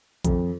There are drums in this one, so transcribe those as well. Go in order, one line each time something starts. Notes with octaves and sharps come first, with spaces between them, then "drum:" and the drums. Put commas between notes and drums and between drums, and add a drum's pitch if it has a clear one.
F2, drum: kick A#1, hi-hat